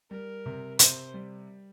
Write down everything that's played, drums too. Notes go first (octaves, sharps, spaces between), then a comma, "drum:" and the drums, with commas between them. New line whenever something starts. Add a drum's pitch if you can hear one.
G3 A#4
C3
C3 C5, drum: hi-hat
G3